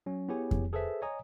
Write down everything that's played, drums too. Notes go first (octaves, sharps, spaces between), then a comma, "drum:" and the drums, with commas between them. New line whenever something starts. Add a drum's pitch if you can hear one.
F#3 C#4
B3 E4 G4 G#4 C#5 G#5
drum: kick F2
G#4 A4 B4 C5 E5
C#5 D#5 G#5 A#5 D#6